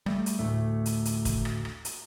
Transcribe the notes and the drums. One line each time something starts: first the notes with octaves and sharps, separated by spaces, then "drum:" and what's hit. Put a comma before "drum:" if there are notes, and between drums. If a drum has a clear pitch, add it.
G3 A3, drum: rim click
drum: hi-hat
D2 A2 A3
drum: hi-hat
drum: hi-hat
drum: kick, hi-hat
drum: rim click
drum: rim click
drum: hi-hat